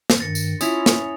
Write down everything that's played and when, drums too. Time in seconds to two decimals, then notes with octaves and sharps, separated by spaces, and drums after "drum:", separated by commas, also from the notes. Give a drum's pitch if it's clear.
0.10 drum: snare
0.20 G2 D#3 A6 A#6 C#7
0.35 drum: tambourine
0.61 C#4 E4 F4 D#6 F7, drum: tambourine
0.86 drum: snare